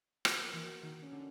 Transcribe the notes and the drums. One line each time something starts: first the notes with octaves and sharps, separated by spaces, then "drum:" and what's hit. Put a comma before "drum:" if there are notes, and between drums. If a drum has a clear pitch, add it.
F3 F#4, drum: rim click
A#3
E3
F#4
D#3 F#4
C#4
D3